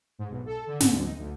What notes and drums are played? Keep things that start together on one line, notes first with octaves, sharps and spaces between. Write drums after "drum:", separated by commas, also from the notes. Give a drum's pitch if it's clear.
G#2
B1
A4
D3
G#2, drum: snare
D2
D#4
D2